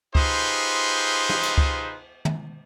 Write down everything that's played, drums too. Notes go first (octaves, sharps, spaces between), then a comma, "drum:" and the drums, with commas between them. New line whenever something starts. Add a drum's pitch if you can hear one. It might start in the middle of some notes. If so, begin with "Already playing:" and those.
D#4 F4 G4 G#4 B4 C5, drum: kick C#2
drum: snare
drum: cymbal
drum: kick C#2
drum: tom